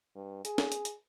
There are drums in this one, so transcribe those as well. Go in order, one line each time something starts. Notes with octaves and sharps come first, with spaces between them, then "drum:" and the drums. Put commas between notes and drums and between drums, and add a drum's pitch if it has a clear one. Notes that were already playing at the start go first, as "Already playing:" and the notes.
G2
G#4, drum: hi-hat
drum: snare
drum: hi-hat
drum: hi-hat